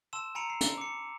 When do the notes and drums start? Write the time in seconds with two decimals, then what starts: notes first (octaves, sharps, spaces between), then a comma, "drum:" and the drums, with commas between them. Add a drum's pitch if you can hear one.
0.13 A5 C6 E6 E7
0.35 G#5 A#5 B5 C#7 D7 F7
0.50 C7
0.61 drum: hi-hat
0.78 D6 C#7